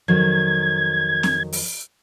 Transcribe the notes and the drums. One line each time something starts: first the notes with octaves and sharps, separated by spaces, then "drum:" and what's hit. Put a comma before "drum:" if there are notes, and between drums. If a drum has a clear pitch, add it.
F2 D#3 F#3 G#6
drum: snare C4
drum: open hi-hat